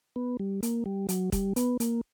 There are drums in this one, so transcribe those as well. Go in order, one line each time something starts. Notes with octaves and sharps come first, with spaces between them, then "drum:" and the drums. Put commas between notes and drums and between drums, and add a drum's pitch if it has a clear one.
B3
G3
A#3, drum: hi-hat
G3
F#3, drum: hi-hat
G3, drum: kick, hi-hat
B3, drum: hi-hat
A#3, drum: hi-hat